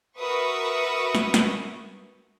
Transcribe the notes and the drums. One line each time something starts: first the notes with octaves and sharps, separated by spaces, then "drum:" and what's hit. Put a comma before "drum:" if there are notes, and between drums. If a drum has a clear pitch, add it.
F#4 A#4 B4 E5 C#6 D#6
drum: snare
drum: snare